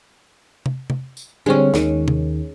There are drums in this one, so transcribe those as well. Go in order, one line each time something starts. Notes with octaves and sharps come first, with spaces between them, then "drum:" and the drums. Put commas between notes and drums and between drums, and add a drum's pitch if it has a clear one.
drum: tom
drum: tom
drum: tambourine
D3 G3 G#3 C4 C#4
D#2 D#3, drum: snare
drum: tom